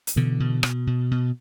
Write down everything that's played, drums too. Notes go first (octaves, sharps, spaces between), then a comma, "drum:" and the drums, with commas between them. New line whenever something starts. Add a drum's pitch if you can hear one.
drum: hi-hat
B2 D3 E3
B2
B2, drum: rim click
B2
B2